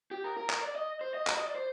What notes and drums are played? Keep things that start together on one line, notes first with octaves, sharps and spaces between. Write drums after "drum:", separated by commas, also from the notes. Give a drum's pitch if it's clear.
G4
A#4
A#4
A#4, drum: clap
D5
D#5
C5
D#5
drum: clap
D#5
D5
C5